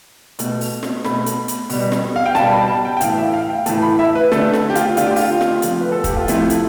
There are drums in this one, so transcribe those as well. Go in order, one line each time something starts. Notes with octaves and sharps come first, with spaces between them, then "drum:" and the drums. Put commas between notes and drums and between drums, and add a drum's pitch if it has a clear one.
B2 A3, drum: hi-hat
drum: open hi-hat
drum: snare
B2 A3 B5, drum: snare
drum: hi-hat
drum: hi-hat
B2 G3, drum: open hi-hat
drum: snare
F5
G5
B2 G3 A5, drum: snare
B5
A5
G5
G5
A2 E3 A3 F5, drum: hi-hat
E5
F5
G5
A2 E3 A3 A5, drum: hi-hat
B5
E5
B4
D3 A3 A4, drum: snare
drum: snare
G4
F4, drum: hi-hat
D3 A3 F4, drum: hi-hat
G4
F4, drum: open hi-hat
drum: snare
C3 F3 A3, drum: hi-hat
B4
A4
G4, drum: kick, hi-hat
F4
C3 F3 A3 E4, drum: hi-hat
drum: hi-hat